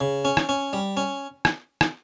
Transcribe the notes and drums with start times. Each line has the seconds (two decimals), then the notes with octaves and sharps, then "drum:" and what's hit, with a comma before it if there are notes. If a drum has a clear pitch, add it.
0.01 C#3
0.25 C#4
0.37 drum: rim click
0.49 C#4
0.73 G3
0.97 C#4
1.45 drum: rim click
1.81 drum: rim click